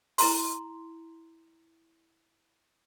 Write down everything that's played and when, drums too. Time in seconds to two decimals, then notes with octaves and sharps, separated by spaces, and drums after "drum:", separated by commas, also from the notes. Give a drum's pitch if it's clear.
0.18 E4 A#5 C6, drum: open hi-hat